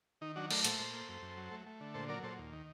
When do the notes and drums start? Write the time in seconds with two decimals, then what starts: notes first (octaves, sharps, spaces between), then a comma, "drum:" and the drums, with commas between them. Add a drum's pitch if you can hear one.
0.21 D#3 D#4
0.36 F#3 D4 F#4
0.51 A3 A#4 D5, drum: cymbal
0.64 A#2 A4 C5, drum: hi-hat
0.79 A#2
0.94 A#3
1.09 F#2
1.22 F#2
1.37 F#3
1.51 A3
1.66 A3
1.80 D3
1.94 A#2 A4 C5
2.08 F#3 A#4 D5
2.23 A#2 A4 C5
2.38 D#2
2.53 D#3